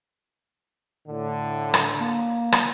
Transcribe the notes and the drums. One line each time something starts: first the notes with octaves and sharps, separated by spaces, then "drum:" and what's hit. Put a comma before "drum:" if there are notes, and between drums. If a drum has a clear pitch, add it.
A2 D3
drum: rim click
A#3
drum: rim click